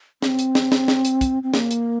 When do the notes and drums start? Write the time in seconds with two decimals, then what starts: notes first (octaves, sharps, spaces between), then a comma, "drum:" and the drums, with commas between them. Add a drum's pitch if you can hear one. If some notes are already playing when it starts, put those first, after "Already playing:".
0.22 C4, drum: snare
0.39 drum: hi-hat
0.55 drum: snare
0.72 drum: snare
0.88 drum: snare
1.05 drum: hi-hat
1.21 drum: kick, hi-hat
1.43 C4
1.54 A#3, drum: snare
1.71 drum: hi-hat